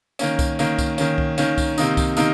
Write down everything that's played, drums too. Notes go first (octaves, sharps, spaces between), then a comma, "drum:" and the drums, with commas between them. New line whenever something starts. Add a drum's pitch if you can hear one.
D#3 A#3 C#4, drum: tambourine
drum: kick C2, tambourine
D#3 A#3 C#4, drum: tambourine
drum: kick C2, tambourine
D#3 A#3 C#4, drum: tambourine
drum: kick C2
D#3 A#3 C#4, drum: tambourine
drum: kick C2, tambourine
C3 D#3 A#3 D#4, drum: tambourine
drum: kick C2, tambourine
C3 D#3 A#3 D#4, drum: tambourine